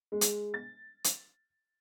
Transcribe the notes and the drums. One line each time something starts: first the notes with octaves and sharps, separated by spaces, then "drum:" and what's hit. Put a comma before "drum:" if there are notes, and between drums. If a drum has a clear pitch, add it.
G#3
drum: hi-hat
A6
drum: hi-hat